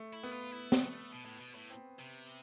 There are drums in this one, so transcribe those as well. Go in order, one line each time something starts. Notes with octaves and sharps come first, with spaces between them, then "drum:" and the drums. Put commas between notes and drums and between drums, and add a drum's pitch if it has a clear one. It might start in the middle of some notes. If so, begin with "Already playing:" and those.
Already playing: A3
E4
B3
F4
E4
drum: snare
A3
B2
A2
B2
A2
C4
C3